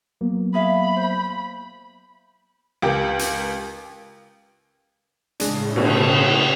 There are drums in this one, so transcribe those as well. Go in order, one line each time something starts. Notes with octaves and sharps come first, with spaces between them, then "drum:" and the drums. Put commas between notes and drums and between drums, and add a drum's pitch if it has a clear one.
F#3 A#3 B3
G#4 E5 F5 B5
C5
C#2 G4 A#4
drum: hi-hat
A2 C#3 G#3 D4, drum: hi-hat
B2 D3 A3, drum: cymbal